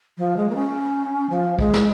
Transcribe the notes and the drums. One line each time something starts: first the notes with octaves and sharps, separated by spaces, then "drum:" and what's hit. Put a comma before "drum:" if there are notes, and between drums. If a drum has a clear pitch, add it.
F3
G#3
A#3
C#4
F3
G#3, drum: kick
drum: snare